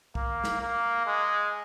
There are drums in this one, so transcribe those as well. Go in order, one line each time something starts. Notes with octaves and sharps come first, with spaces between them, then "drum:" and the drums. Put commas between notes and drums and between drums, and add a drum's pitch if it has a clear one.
A#3, drum: kick
drum: snare
A#3
G#3